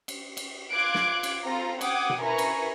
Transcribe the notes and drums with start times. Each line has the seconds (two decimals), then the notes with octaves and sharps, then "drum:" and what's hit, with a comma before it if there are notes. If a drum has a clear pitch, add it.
0.08 drum: cymbal
0.37 drum: cymbal
0.71 F4 F5 D6 F#6 G#6 D7
0.94 drum: snare
1.23 drum: cymbal
1.44 C4 F4 A4 A#5
1.81 F#5 G5 D6 D#6 G#6, drum: cymbal
2.10 drum: tom B2
2.20 E4 A#4 B4 G#5 A#5 C#6
2.38 drum: cymbal